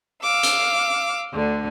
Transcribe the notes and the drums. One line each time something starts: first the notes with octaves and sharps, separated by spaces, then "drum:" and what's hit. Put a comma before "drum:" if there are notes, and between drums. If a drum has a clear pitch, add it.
F5 D6 E6
drum: hi-hat
D2 D3